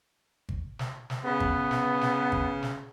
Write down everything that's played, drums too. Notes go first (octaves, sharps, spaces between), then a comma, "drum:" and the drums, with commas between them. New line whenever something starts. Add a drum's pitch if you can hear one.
drum: kick G#1
drum: snare
drum: snare
C#3 B3
drum: kick G#1
drum: snare
drum: snare
drum: kick G#1
drum: snare